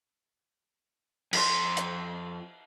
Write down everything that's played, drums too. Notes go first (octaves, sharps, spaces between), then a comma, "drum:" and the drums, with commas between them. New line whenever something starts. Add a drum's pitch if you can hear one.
F2 C6, drum: cymbal
drum: hi-hat